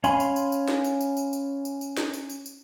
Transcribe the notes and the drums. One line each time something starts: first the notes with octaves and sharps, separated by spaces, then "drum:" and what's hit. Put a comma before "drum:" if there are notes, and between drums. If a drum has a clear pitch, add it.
C#4 F5 G#5 B5 C6, drum: tambourine
drum: tambourine
drum: tambourine
drum: tambourine
drum: snare
drum: tambourine
drum: tambourine
drum: tambourine
drum: tambourine
drum: tambourine
drum: tambourine
drum: snare
drum: tambourine
drum: tambourine
drum: tambourine